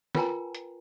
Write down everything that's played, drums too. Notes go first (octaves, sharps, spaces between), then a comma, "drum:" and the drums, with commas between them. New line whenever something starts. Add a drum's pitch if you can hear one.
F4 A#4 B4 G5 G#5 A#5, drum: snare
drum: hi-hat